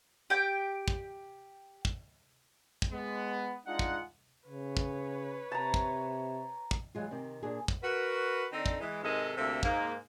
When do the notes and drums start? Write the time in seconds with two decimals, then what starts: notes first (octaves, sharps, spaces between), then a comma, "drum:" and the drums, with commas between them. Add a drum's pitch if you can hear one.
0.30 G4 G5
0.88 drum: kick
1.85 drum: kick
2.82 drum: kick
2.92 G#3 B3
3.67 G#3 D4 D#4 F4 F#5
3.79 drum: kick
4.48 C#3 B4 C#5
4.77 drum: kick
5.52 C3 A5 A#5
5.74 drum: kick
6.71 drum: kick
6.95 E3 F#3 G#3 F4
7.11 C3 D#3 C4
7.43 A#2 D4 G#4
7.68 drum: kick
7.83 F#4 A#4 B4
8.53 D3 C4 D4 D#4 A4
8.66 drum: kick
8.80 E3 G#3
9.03 G#2 C3 D#3 G#3 A4 D#5
9.37 D2 C3 A#3 C4 A4 E5
9.63 G#2 A#3, drum: kick